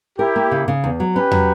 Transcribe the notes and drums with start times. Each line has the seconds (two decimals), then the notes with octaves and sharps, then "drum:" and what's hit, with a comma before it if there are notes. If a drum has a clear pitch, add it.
0.19 E4 G4 A#4
0.36 A#3
0.51 C#3
0.68 C#3
0.84 E2
1.00 F#3
1.16 C#4 G4 B4
1.31 F#3, drum: tom